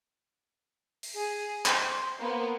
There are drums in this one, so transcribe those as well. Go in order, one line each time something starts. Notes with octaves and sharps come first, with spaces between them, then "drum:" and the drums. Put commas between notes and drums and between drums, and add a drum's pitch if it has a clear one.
drum: open hi-hat
G#4
C5 C6, drum: clap
A#3 B3